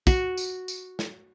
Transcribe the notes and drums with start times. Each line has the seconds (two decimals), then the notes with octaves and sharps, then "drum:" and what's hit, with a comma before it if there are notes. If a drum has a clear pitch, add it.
0.07 F#4, drum: kick, tambourine
0.37 drum: tambourine
0.68 drum: tambourine
0.99 drum: snare